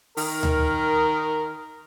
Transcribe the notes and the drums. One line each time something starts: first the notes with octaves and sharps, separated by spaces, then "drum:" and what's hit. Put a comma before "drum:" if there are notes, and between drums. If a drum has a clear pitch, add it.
D#3 A#4, drum: open hi-hat
drum: tom D2